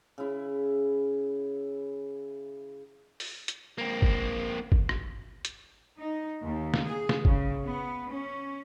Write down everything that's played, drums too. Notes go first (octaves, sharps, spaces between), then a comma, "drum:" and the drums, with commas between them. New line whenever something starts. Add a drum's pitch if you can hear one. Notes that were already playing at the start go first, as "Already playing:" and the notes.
C#3 E4
drum: open hi-hat
drum: hi-hat
A#3 C4
drum: kick G1
drum: kick G1
drum: rim click
drum: hi-hat
D#4
D#2
drum: snare
G#4
drum: snare
C#3, drum: kick G1
B3
C#4